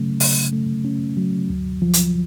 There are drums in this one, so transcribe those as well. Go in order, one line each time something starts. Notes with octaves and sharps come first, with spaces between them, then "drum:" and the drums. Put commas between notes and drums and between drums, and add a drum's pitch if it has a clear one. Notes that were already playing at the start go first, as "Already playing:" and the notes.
Already playing: C#3 F#3 A3 C#4
C#3, drum: open hi-hat
A3
C#4
F#3
D2
F3
drum: hi-hat